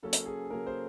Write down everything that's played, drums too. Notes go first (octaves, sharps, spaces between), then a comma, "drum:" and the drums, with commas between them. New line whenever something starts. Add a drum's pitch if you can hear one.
C#3 F#3 A#3 C#4 A4
drum: hi-hat
G#4
C#3 F#3 A#3 C#4 A#4
C5